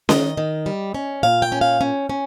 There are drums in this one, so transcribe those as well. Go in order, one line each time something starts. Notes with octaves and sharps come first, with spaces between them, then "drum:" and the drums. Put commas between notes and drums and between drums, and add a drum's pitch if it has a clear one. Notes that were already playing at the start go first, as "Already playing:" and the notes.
D#3 D#5, drum: snare C#4
D#3
G3
C#4
A#2 F5
G5
C#4
F5
C#4
C#4